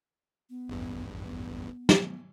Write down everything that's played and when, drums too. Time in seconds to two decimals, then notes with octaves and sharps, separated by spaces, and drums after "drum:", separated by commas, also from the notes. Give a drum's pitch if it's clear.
0.50 B3
0.68 A1 E2 G2
1.25 B3
1.89 drum: snare